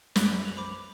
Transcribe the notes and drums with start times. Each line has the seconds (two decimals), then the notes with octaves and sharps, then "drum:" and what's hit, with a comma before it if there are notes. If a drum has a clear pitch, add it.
0.16 F#2 D4 F#4 B4, drum: snare
0.45 F7 F#7
0.57 C5 B5 D6